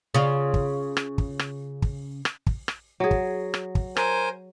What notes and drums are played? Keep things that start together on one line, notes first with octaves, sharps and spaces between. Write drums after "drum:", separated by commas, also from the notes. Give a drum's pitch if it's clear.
C#3 F4
drum: kick
drum: rim click
drum: kick
drum: rim click
drum: kick
drum: rim click
drum: kick
drum: rim click
F#3 G#4
drum: kick
drum: rim click
drum: kick
A#4 C5 G#5, drum: rim click